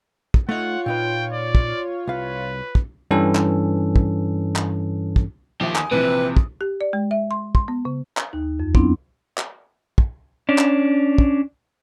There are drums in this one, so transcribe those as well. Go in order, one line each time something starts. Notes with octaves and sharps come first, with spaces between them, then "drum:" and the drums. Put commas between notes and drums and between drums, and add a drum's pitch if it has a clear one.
drum: kick
A3 D#4 F4 C#5 F#5
A#2 D#4 B4 G5
D5
drum: kick
C2 B4 F5
drum: kick
G2 E3 C#4 A4
drum: clap
drum: kick
drum: clap
drum: kick
D#3 F3 G4 E5
G#5 D#6, drum: clap
A#1 C3 E3 F3 B4
drum: kick
G4
D5
G#3
E5
C6
C6, drum: kick
B3
C#3
drum: clap
D#2 D#4
F2
F#3 B3 C4 D4 E4, drum: kick
drum: clap
drum: kick
C#4 D4
drum: clap
drum: kick